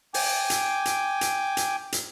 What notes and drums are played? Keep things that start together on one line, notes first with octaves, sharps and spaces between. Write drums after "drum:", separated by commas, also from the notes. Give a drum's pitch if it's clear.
G5 G#5 D6, drum: open hi-hat
drum: hi-hat
drum: hi-hat
drum: hi-hat
drum: hi-hat
drum: hi-hat